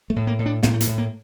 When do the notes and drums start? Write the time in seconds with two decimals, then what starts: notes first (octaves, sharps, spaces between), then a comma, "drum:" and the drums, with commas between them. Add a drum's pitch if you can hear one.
0.10 A3
0.16 A2
0.27 A#3
0.39 A2
0.46 D4
0.63 A2 C4, drum: snare
0.74 A3
0.81 A#3, drum: hi-hat
0.87 A2
0.98 A#3